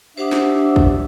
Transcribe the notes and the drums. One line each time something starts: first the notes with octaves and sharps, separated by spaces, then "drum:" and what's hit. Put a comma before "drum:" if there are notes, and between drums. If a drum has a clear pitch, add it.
D4 G4 C5 E5 F#5 D#6
drum: snare
drum: kick